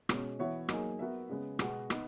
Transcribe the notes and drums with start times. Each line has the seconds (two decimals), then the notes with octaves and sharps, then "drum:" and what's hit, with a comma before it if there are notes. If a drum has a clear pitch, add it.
0.09 B2 G#3 C#4, drum: rim click
0.39 E3 B3 F#4 C#5 E5
0.68 F#3 A#3 D#4 G#4, drum: rim click
0.99 B3 F#4 A#4 E5
1.30 C#3 G#3 B3
1.59 B2 G#3 B3 F#4, drum: rim click
1.90 B3 D#4, drum: rim click